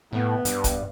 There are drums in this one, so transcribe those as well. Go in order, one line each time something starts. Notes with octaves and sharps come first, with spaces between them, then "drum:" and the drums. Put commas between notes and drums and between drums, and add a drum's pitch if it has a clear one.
A2 B3
G2, drum: hi-hat
drum: kick, hi-hat